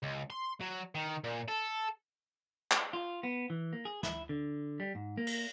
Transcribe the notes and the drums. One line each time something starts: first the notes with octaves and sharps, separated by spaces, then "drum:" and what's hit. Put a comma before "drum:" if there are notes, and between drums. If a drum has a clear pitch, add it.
C#2
C6
F#3
D#3
A#2
A4
drum: clap
F4
B3
E3
A#3
G#4
E4, drum: snare
D3
G3
G#2
A#3
drum: cymbal